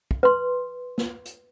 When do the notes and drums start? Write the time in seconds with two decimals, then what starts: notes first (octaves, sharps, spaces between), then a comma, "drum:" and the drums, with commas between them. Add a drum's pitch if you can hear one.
0.11 drum: kick
0.23 B4 C6
0.98 drum: snare
1.25 drum: hi-hat